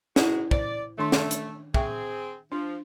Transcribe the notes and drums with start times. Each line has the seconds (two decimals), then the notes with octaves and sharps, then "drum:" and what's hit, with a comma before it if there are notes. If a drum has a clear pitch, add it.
0.16 G#2 G#3 E4 F#4 B4 F#5, drum: snare
0.51 C5 D5, drum: kick
0.98 D#3 A3 D4 C6
1.12 drum: snare
1.31 drum: hi-hat
1.74 C4 G#4 E5 G5 C#6, drum: kick
2.52 F3 D4